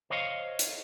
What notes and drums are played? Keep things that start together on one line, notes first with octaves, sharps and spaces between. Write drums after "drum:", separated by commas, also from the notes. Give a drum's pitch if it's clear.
C5 C#5 D#5 F5
drum: hi-hat